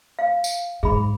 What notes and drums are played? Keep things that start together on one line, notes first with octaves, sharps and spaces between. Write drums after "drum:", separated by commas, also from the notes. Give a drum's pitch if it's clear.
F5
drum: tambourine
G#2 G#4 B5